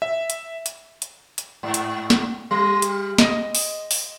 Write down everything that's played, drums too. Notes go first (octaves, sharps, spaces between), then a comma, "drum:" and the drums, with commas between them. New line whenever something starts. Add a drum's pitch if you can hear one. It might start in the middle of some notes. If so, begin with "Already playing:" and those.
E5
drum: hi-hat
drum: hi-hat
drum: hi-hat
drum: hi-hat
G#2
drum: hi-hat
drum: snare
G3
drum: hi-hat
D#5, drum: snare
drum: open hi-hat
drum: open hi-hat